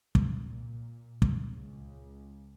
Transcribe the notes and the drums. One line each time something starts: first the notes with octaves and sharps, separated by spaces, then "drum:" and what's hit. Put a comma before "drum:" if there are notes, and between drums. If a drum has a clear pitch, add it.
A#2, drum: kick
drum: kick
C#2